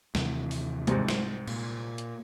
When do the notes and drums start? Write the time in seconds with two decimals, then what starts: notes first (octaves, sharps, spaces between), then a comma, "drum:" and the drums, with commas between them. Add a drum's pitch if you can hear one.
0.15 D#2 C3 E3, drum: snare
0.51 drum: open hi-hat
0.87 C2 G#2, drum: hi-hat
1.09 drum: snare
1.47 A#2, drum: cymbal
1.98 drum: hi-hat